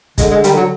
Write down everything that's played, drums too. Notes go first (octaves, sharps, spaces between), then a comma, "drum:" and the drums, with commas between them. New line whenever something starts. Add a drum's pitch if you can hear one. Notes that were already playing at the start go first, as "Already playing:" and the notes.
D3 G#3, drum: kick, hi-hat
G#3
D#3 G3, drum: hi-hat
D3 F#3